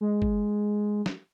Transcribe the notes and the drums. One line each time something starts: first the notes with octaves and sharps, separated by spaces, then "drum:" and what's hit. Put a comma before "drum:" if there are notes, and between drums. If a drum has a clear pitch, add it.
G#3
drum: kick
drum: snare